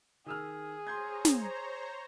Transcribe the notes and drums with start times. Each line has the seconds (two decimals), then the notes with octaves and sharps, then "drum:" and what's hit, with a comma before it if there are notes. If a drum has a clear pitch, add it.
0.26 D#3 G#4 E6 F6
0.87 C5 C#5 A#5 C6 G6 G#6
1.25 drum: snare